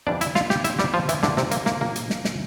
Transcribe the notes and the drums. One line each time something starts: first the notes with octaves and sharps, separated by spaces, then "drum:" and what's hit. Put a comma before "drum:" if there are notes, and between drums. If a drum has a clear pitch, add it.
F2 C3 E3 G3 D4 D5
E4 E5, drum: hi-hat
F4 F5, drum: snare
G4 G5, drum: snare
E4 E5, drum: hi-hat
G3 G4, drum: snare
F3 F4
E3 E4, drum: hi-hat
C2 A#2 D3 G3 D4, drum: snare
C3 C4, drum: snare
A#3, drum: hi-hat
A#3, drum: snare
A#3, drum: tom A#2
drum: hi-hat
drum: snare
drum: snare